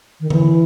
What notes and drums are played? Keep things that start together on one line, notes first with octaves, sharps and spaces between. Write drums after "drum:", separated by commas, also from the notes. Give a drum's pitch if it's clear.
D#3
E3, drum: tom D3